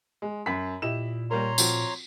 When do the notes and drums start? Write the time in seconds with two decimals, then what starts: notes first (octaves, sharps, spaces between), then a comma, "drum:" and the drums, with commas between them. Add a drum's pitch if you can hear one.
0.22 G#3
0.46 F#2 B5 B6
0.82 A#2 E4 G4 D#5 E7
1.31 G3 A#3 A#4 C#5 A#5 C6
1.58 F3 C4 F#4, drum: tambourine